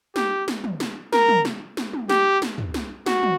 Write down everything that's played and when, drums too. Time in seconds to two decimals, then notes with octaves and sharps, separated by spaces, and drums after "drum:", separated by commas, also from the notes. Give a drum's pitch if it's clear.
0.16 G4, drum: snare
0.48 drum: snare
0.64 drum: tom
0.80 drum: snare
1.13 A#4, drum: snare
1.29 drum: tom
1.45 drum: snare
1.77 drum: snare
1.93 drum: tom
2.09 G4, drum: snare
2.42 drum: snare
2.58 drum: tom
2.74 drum: snare
3.06 F#4, drum: snare
3.23 drum: tom